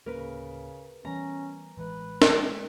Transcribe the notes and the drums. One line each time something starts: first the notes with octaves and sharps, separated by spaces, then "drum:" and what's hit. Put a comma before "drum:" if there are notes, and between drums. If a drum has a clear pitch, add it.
D1 C#3 A#3 C#4 A#4 B4
E3 G3 B3 C#4 A#5
A1 E3 G#3 B4
drum: snare
G#3